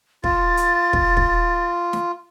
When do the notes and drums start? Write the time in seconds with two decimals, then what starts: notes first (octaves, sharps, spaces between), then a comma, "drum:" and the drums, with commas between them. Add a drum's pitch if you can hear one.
0.24 F4 A6, drum: kick
0.57 drum: hi-hat
0.93 drum: kick
1.17 drum: kick
1.93 drum: snare